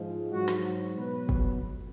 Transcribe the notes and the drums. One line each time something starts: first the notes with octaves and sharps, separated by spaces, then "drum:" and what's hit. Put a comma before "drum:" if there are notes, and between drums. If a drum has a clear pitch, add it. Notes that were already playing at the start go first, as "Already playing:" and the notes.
Already playing: G#2 F3 G#3
G#2 F#3 F#4
drum: snare
B2 F#3 B4
drum: kick
F2